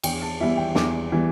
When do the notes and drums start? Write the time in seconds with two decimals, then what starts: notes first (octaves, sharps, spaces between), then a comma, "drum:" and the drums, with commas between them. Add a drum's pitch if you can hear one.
0.04 E2 G5, drum: cymbal
0.22 A5
0.41 E3 G3 B3 E5
0.57 G5
0.75 E2 D6, drum: snare
1.12 E3 G3 B3